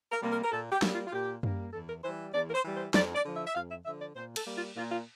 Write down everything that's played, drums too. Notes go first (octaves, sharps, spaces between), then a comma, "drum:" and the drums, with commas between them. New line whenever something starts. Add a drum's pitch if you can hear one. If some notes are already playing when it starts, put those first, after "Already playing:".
A#4
C3 G3 A#3
A#4
A#4
A#2 A4
G4
G3 A#3, drum: snare
F4
F4
A#2 G4
G3 A#3, drum: tom F#2
E2 A4
A#4
E3 G3 C5
E2 D5
A#4
C5
E3 G3
C5
F2 D5, drum: snare
D5
D3 F3
E5
E5
F2 F5
E5
D3 F3 E5
D5
A#2 C5
A4, drum: cymbal
G3 A#3
F4
A#2 F4
F4